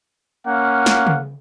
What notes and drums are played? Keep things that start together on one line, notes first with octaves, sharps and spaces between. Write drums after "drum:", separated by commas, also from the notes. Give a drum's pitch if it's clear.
A#3 C#4 F5 F#5
drum: snare
drum: tom C#3